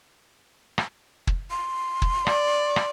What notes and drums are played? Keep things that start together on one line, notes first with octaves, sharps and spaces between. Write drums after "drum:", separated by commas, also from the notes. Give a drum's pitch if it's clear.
drum: rim click
drum: kick
C6
drum: kick
D5, drum: rim click
drum: rim click